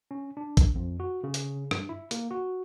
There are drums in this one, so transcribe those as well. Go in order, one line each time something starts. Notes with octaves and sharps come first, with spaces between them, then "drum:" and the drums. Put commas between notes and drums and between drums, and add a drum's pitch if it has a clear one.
C#4
D4
drum: kick A#1, hi-hat
F2
F#4
C#3
drum: hi-hat
G2, drum: rim click
E4
A#3, drum: hi-hat
F#4